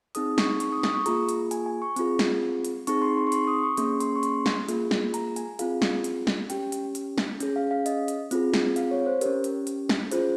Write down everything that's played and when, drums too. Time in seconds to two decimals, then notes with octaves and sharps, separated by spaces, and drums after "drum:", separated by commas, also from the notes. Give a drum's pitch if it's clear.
0.15 C4 D#4 G#4 D#6, drum: hi-hat
0.38 C#6, drum: snare
0.60 C#6, drum: hi-hat
0.72 D#6
0.83 D#6, drum: snare
0.95 C#6
1.06 A#3 F4 G#4 A#5, drum: hi-hat
1.29 drum: hi-hat
1.51 G#5, drum: hi-hat
1.66 G#5
1.82 C#6
1.96 C4 F4 G#4, drum: hi-hat
2.19 drum: snare
2.65 drum: hi-hat
2.87 C4 D#4 G#4 C#6, drum: hi-hat
3.02 C6
3.17 C6
3.27 C#6
3.32 C6, drum: hi-hat
3.47 D#6
3.63 C#6
3.77 A#3 C#4 G#4 C6, drum: hi-hat
4.00 C6, drum: hi-hat
4.15 C#6
4.23 C6, drum: hi-hat
4.46 drum: snare
4.69 A#3 F4 G#4, drum: hi-hat
4.91 drum: snare
5.14 A#5, drum: hi-hat
5.36 G#5, drum: hi-hat
5.59 C4 F4 G#4 F5, drum: hi-hat
5.82 drum: snare
6.04 drum: hi-hat
6.27 drum: snare
6.50 C#4 G4 G5, drum: hi-hat
6.72 drum: hi-hat
6.95 drum: hi-hat
7.18 drum: snare
7.40 C#4 G#4, drum: hi-hat
7.56 F5
7.71 F5
7.86 D#5, drum: hi-hat
8.08 drum: hi-hat
8.31 C4 F4 G#4, drum: hi-hat
8.54 drum: snare
8.76 F5, drum: hi-hat
8.91 C#5
9.06 C5
9.21 C#4 G4 A#4, drum: hi-hat
9.44 drum: hi-hat
9.67 drum: hi-hat
9.89 drum: snare
10.11 C#4 F4 G#4 C5, drum: hi-hat